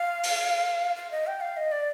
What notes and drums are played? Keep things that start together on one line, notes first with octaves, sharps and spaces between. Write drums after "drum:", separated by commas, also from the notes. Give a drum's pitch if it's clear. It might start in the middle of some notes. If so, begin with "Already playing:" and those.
Already playing: F5
drum: open hi-hat
F5
D#5
G5
F5
D#5
D5